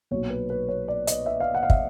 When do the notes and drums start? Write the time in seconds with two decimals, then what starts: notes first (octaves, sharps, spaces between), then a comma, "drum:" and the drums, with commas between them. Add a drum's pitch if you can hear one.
0.11 B1 A#2 F#3 C#5
0.30 B4
0.50 B4
0.68 C#5
0.88 D5
1.07 D#5, drum: hi-hat
1.26 E5
1.40 F5
1.54 F#5
1.63 F5
1.70 E5, drum: kick